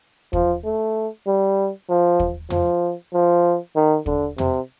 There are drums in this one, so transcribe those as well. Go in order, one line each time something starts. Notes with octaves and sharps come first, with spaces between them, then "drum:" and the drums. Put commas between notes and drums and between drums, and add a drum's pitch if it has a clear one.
F3, drum: kick
A3
G3
F3
drum: kick
F3, drum: tom
F3
D#3
D3, drum: kick
C3, drum: tom